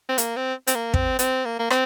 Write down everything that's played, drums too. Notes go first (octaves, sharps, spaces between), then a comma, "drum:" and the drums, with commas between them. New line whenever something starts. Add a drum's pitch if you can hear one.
C4
A#3, drum: hi-hat
C4
C4, drum: hi-hat
A#3
C4, drum: kick
C4, drum: hi-hat
A#3
A#3
C4, drum: rim click